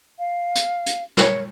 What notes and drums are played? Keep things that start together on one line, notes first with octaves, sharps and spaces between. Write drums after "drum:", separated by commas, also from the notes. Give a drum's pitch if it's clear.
F5
drum: hi-hat
drum: hi-hat
A#4 C#5, drum: snare